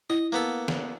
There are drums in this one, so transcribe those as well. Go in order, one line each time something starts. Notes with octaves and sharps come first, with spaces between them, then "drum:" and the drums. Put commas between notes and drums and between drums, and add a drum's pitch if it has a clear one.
E4 D#5
A#3 B3 A4
drum: snare